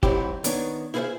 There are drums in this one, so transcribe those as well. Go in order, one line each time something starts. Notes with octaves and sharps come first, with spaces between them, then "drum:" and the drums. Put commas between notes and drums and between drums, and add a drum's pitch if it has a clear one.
G#2 F#3 C4 E4 G4, drum: kick G1
D#3 B3 D4 C#5, drum: hi-hat
E4 F4 G#4 B4 C5 E5